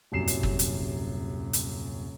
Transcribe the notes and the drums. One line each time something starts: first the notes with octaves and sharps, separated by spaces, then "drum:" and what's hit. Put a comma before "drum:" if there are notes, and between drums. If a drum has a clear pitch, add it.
D#1 C2 F#2 C7 E7
drum: hi-hat
drum: kick
drum: hi-hat
drum: hi-hat